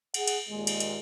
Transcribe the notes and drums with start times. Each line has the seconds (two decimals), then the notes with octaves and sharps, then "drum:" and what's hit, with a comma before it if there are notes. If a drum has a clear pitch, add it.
0.14 G#4 F#5, drum: cymbal
0.27 drum: cymbal
0.49 D#2 A#2 G#3
0.67 drum: cymbal
0.80 drum: cymbal